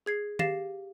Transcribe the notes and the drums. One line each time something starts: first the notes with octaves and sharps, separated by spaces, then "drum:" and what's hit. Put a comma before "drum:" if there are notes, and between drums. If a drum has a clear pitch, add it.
G#4 G#6 C7
G4 F5 A6 A#6 C7 E7, drum: tom D#3